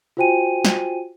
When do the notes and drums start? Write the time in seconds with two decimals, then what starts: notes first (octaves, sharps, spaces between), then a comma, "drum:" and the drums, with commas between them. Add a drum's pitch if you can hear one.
0.17 F4 F#4 C5 G5 G#5 D#7
0.65 drum: snare